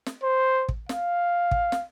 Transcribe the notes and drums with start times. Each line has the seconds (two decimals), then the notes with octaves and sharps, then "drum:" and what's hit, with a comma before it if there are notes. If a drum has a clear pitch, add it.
0.06 drum: snare
0.23 C5
0.69 drum: kick
0.89 F5, drum: snare
1.51 drum: kick
1.72 drum: snare